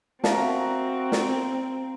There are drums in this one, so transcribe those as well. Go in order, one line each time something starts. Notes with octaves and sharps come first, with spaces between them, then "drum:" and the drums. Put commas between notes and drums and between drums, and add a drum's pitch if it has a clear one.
A#3 C4 F#4 E5 F5 A5 A#5, drum: snare
drum: snare